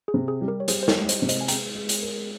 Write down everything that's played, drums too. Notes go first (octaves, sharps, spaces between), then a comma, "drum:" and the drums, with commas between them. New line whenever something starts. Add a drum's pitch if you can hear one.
G#4
C3
G#4
G3
G4 A#4
C#5
G3 G#4 C5, drum: hi-hat
C5
A#4 C#5, drum: snare
G3
C5 D#5, drum: hi-hat
C3
C5 D#5, drum: hi-hat
G#5
G#3 G5 A#5, drum: hi-hat
G#3
drum: hi-hat
A#4